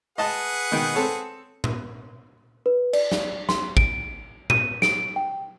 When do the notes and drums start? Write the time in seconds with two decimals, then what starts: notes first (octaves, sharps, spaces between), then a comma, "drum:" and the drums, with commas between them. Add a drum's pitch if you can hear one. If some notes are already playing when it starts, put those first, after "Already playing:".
0.18 G#4 B4 D#5 F#5 A5
0.72 B2 D#3 G5
0.94 C4 A4 C#5
1.64 drum: tom A#2
2.66 B4
2.93 D5, drum: cymbal
3.12 drum: snare
3.49 C6, drum: snare
3.77 D7, drum: kick G#1
4.50 D#7, drum: tom A#2
4.82 D7, drum: snare
5.16 G5